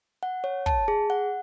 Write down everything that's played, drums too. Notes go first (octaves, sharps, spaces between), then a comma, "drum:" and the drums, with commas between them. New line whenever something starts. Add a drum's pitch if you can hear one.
F#5
C#5
A5, drum: kick
G#4
F#5